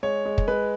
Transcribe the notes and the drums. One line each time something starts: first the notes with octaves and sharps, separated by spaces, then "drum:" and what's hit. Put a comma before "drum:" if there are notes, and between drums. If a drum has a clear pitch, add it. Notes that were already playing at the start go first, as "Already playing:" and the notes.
G#3 C#5
G#3
drum: kick
G#3 B4